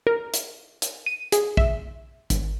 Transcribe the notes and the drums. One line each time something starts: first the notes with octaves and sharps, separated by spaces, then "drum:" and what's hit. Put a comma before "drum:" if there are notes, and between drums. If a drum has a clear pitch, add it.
A#4
drum: hi-hat
drum: hi-hat
D#7
G#4, drum: hi-hat
E5, drum: kick A#1
G#1, drum: hi-hat